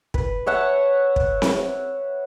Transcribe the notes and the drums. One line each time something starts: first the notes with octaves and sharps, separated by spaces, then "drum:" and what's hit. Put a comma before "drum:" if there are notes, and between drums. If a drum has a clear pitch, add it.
B4, drum: kick
C#5 E5 F#5 A5
drum: kick
drum: snare C4